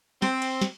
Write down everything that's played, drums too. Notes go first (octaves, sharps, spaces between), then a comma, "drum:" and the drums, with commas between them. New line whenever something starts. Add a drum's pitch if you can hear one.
C4, drum: snare
drum: cymbal
drum: snare